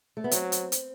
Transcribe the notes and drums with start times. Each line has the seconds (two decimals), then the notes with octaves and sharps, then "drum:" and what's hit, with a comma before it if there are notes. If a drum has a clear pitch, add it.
0.17 A3
0.24 B3
0.31 F#3 C4, drum: hi-hat
0.52 drum: hi-hat
0.72 drum: hi-hat